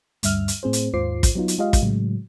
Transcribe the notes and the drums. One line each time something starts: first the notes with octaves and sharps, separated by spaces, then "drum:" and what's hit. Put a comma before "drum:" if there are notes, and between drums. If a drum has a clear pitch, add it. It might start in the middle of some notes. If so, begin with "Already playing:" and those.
D2 G2 E5 F6, drum: hi-hat
drum: hi-hat
A2 C4 G#4 C5
drum: hi-hat
D#2 G#2 F4 C5 D6 C7
drum: kick, hi-hat
F#3 B3 D#4 F4
drum: hi-hat
G#3 F4 G4 D#5 F5
drum: kick, hi-hat
A2 C#3 F#3 G#3